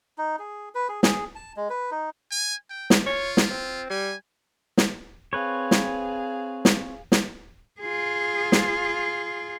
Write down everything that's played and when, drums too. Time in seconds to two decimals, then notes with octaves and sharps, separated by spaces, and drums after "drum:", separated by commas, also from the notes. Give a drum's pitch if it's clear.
0.18 D#4
0.39 G#4
0.75 B4
0.89 G#4
1.03 G#4, drum: snare
1.35 A5
1.57 G#3
1.70 B4
1.91 D#4
2.31 G#5
2.70 G5
2.90 drum: snare
3.06 F4 C#5
3.37 drum: snare
3.51 C4
3.90 G3 G#5
4.78 drum: snare
5.33 C4 G#4 B4 C#5 F5
5.71 drum: snare
6.65 drum: snare
7.12 drum: snare
7.81 F4 G#4
8.52 drum: snare